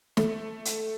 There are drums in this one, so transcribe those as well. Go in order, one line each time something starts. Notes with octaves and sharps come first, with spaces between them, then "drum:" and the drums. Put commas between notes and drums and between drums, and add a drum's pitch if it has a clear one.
A3, drum: snare
drum: hi-hat